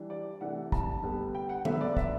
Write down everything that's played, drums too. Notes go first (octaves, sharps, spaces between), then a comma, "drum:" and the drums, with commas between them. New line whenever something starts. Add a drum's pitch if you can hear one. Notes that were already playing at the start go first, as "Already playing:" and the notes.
Already playing: E3 G3 D4
D5
C3 E3 A3 D4 F#5
A5, drum: kick
D3 G3 B3
G5
F#5
D3 F#3 B3 E5, drum: tom
D5
E5, drum: kick